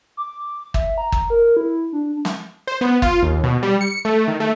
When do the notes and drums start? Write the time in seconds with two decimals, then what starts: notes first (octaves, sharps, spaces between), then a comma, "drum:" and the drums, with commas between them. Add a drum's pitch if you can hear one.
0.17 D6
0.74 E5, drum: kick
0.98 A#5
1.12 drum: kick
1.30 A#4
1.57 E4
1.93 D4
2.25 drum: snare
2.67 C5
2.81 B3
3.02 F4, drum: kick
3.22 D#2
3.44 B2
3.63 G3
3.81 C#7
4.05 A3
4.28 D#3
4.40 A3